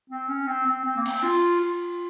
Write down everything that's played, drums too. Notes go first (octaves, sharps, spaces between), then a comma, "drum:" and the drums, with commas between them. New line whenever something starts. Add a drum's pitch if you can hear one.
C4
C#4
C4
C4
C4
A#3
C4, drum: cymbal
F4
F4